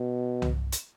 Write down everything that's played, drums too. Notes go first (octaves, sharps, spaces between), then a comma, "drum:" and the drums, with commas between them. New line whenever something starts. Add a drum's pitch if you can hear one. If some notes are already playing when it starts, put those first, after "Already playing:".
Already playing: B2
drum: tom C2
drum: hi-hat